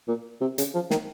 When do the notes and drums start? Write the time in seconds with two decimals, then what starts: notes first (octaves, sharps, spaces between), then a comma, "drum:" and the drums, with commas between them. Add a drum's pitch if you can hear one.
0.08 A#2
0.41 C3
0.58 C#3, drum: hi-hat
0.74 F3
0.91 D#3, drum: snare